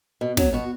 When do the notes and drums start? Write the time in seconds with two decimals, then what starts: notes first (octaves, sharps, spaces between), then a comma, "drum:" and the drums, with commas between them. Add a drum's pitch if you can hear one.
0.21 B2
0.37 F#3, drum: snare
0.53 B2 F#4